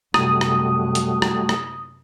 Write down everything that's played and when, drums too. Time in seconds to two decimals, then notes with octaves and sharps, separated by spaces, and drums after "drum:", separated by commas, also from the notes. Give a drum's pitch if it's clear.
0.14 F#2 C3 G3 A3 F#4 D#6, drum: rim click
0.41 drum: rim click
0.95 drum: hi-hat
1.22 drum: rim click
1.49 drum: rim click